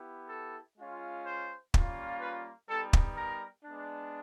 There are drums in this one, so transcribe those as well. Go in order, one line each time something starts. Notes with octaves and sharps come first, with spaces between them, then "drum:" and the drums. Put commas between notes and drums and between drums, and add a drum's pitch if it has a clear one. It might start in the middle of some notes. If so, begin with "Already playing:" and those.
Already playing: B3 E4 G4
A4
G#3 C#4 F4
C5
G3 A#3 C#4 F4, drum: kick
B4
G3 B3 D#4 A4
drum: kick
A#4
G#3 B3 D4